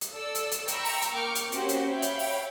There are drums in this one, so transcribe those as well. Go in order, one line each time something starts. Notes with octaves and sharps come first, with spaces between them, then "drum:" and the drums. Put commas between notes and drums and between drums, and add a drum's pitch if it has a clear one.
drum: hi-hat
A4 D5 E6
drum: hi-hat
drum: hi-hat
G5 A#5 B5 C#6 E6, drum: hi-hat
drum: open hi-hat
drum: hi-hat
A#3 G5 C#6 D6 F6
drum: hi-hat
A#3 C4 C#4 F#4 G4 C5, drum: hi-hat
drum: hi-hat
C#5 E5 F5 G5 B5
drum: hi-hat
drum: open hi-hat